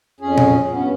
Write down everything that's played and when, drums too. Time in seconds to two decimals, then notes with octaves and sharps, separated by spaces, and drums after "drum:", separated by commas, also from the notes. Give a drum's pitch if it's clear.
0.20 F2 C#4 G#4
0.38 drum: tom A#2
0.70 G2 B3 C#4